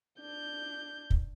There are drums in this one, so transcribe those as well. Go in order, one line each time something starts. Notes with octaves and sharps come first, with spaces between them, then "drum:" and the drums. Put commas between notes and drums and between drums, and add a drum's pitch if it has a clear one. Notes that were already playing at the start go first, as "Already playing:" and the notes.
D4 G6
drum: kick